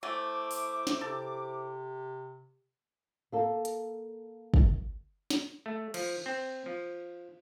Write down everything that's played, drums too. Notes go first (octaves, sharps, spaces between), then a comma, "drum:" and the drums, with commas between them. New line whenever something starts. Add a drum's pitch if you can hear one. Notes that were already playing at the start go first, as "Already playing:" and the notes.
A3 E4 C5 G#5 D6
drum: open hi-hat
drum: snare
C3 A4
A#3 A4
drum: hi-hat
drum: kick
drum: snare
A3
F3, drum: cymbal
C4
F3